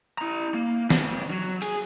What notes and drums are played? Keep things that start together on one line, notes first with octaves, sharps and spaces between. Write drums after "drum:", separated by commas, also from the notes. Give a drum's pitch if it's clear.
E4 A#5
A#3
F2 D4, drum: snare
F#3
G#4, drum: cymbal